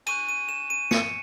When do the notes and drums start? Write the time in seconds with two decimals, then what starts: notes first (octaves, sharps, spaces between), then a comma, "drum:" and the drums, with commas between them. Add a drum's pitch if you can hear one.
0.06 G#5 C#6 F#6 D#7, drum: cymbal
0.29 D#7
0.49 E7
0.70 D#7
0.91 C#7, drum: snare